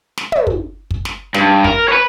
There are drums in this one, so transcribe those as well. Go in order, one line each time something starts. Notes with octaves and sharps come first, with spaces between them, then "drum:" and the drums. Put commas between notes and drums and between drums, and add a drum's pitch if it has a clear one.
drum: snare
drum: tom
drum: kick
drum: kick
drum: snare
G2, drum: snare
A#4, drum: kick
B4 C#5